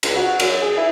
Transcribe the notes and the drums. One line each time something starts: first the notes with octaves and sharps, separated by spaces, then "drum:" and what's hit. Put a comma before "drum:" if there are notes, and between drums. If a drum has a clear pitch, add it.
C#2, drum: cymbal
F#4
F#2, drum: cymbal
G#4
E4